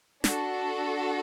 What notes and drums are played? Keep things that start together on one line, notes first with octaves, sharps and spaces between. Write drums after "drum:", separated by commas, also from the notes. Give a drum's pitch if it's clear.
D4 F#4 A4, drum: snare